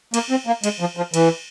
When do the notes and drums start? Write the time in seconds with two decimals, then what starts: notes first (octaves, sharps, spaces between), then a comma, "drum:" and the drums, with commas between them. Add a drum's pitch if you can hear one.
0.14 A#3, drum: cymbal
0.30 C4
0.47 A#3
0.64 G#3, drum: cymbal
0.80 F3
0.97 F3
1.14 E3, drum: cymbal